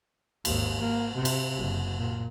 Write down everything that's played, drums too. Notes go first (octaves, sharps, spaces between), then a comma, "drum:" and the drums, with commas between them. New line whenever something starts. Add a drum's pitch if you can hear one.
G#1 D#2, drum: cymbal
A#3
C3
drum: cymbal
F#1
A#2